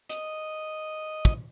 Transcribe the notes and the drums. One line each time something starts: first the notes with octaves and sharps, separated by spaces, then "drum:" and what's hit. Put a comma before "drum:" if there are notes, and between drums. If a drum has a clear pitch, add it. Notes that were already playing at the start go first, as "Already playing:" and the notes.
D#5, drum: hi-hat
drum: kick